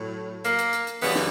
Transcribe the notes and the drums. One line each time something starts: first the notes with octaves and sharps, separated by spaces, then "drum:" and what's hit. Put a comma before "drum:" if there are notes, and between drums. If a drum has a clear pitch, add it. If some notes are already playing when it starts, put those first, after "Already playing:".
Already playing: A2 F#3
A#3, drum: hi-hat
drum: hi-hat
drum: hi-hat
drum: hi-hat
F#2 C#3 E3 G3 B3, drum: open hi-hat
drum: snare